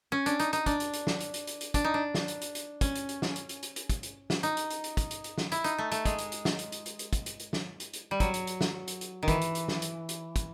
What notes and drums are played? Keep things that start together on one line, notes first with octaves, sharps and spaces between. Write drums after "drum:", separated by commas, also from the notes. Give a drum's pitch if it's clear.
C#4
D4, drum: hi-hat
D#4, drum: hi-hat
D#4, drum: hi-hat
D4, drum: kick, hi-hat
drum: hi-hat
drum: hi-hat
drum: snare
drum: hi-hat
drum: hi-hat
drum: hi-hat
drum: hi-hat
D4, drum: kick, hi-hat
D#4
D4
drum: snare
drum: hi-hat
drum: hi-hat
drum: hi-hat
C#4, drum: kick, hi-hat
drum: hi-hat
drum: hi-hat
drum: snare
drum: hi-hat
drum: hi-hat
drum: hi-hat
drum: hi-hat
drum: kick, hi-hat
drum: hi-hat
drum: snare
D#4, drum: hi-hat
drum: hi-hat
drum: hi-hat
drum: hi-hat
drum: kick, hi-hat
drum: hi-hat
drum: hi-hat
drum: snare
E4, drum: hi-hat
D#4, drum: hi-hat
A3
A3, drum: hi-hat
G#3, drum: kick, hi-hat
drum: hi-hat
drum: hi-hat
drum: snare
drum: hi-hat
drum: hi-hat
drum: hi-hat
drum: hi-hat
drum: kick, hi-hat
drum: hi-hat
drum: hi-hat
drum: snare
drum: hi-hat
drum: hi-hat
G3
F#3, drum: kick, hi-hat
drum: hi-hat
drum: hi-hat
drum: snare
drum: hi-hat
drum: hi-hat
D#3
E3, drum: kick, hi-hat
drum: hi-hat
drum: hi-hat
drum: snare
drum: hi-hat
drum: hi-hat
drum: kick, hi-hat